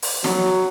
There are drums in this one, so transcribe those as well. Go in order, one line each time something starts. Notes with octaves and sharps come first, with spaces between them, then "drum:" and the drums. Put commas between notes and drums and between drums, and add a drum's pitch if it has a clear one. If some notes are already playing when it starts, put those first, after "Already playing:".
drum: open hi-hat
F#3, drum: snare